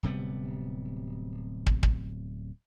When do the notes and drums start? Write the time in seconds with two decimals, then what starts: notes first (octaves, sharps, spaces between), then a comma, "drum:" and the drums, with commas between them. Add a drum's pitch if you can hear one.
0.03 D1 C3 G3 B3
1.66 drum: kick
1.83 drum: kick